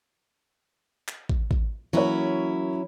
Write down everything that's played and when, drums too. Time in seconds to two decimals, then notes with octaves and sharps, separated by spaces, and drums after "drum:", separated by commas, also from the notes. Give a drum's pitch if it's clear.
1.08 drum: clap
1.29 drum: kick
1.51 drum: kick
1.93 E3 F#3 A#3 C#4 E4 C#5